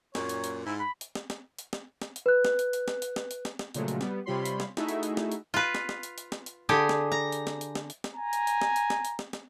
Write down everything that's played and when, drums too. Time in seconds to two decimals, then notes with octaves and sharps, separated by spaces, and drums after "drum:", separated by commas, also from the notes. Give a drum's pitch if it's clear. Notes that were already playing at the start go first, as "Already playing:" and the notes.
0.15 F#2 A#2 C#5, drum: snare
0.29 drum: hi-hat
0.44 drum: hi-hat
0.65 G#2 E4
0.79 B5
1.01 drum: hi-hat
1.15 drum: snare
1.30 drum: snare
1.58 drum: hi-hat
1.73 drum: snare
2.02 drum: snare
2.16 drum: hi-hat
2.26 B4 F#6
2.45 drum: snare
2.59 drum: hi-hat
2.73 drum: hi-hat
2.88 drum: snare
3.02 drum: hi-hat
3.16 drum: snare
3.31 drum: hi-hat
3.45 drum: snare
3.59 drum: snare
3.74 A#2 C#3 F3 F#3 G#3 A3, drum: hi-hat
3.88 drum: hi-hat
4.01 G3 B3, drum: snare
4.26 C3 G3 F4 C#5 B5 C6
4.45 drum: hi-hat
4.60 drum: snare
4.77 A3 D#4 E4 F#4 G#4 E5, drum: snare
4.88 drum: hi-hat
5.03 drum: hi-hat
5.17 drum: snare
5.32 drum: hi-hat
5.54 F4 B4
5.75 drum: snare
5.89 drum: snare
6.03 drum: hi-hat
6.18 drum: hi-hat
6.32 drum: snare
6.46 drum: hi-hat
6.69 D3 G4 G#4
6.89 drum: snare
7.12 A#5
7.32 drum: hi-hat
7.47 drum: snare
7.61 drum: hi-hat
7.75 drum: snare
7.90 drum: hi-hat
8.04 drum: snare
8.15 G#5 A#5
8.33 drum: hi-hat
8.47 drum: hi-hat
8.62 drum: snare
8.76 drum: hi-hat
8.90 drum: snare
9.05 drum: hi-hat
9.19 drum: snare
9.33 drum: snare